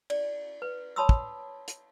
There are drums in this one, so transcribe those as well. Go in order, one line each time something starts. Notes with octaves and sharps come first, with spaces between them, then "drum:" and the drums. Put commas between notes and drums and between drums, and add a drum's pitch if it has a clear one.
D5, drum: cymbal
B4
C#5 A5 B5 C6 D#6 E6
drum: kick
drum: hi-hat